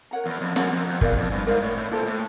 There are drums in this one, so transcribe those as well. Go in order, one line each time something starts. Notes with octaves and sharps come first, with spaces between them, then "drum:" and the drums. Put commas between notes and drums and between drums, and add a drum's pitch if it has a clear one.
A#4 C#5 F#5 A#5
E2
F2
F#2 A#4 C#5 F#5 A#5, drum: snare
F2
F2
E2 A#4 D5 F5, drum: kick G1
F2
G2
G#2 A#4 D5 F5
A2
A2
A#2 E4 A4 C5
A2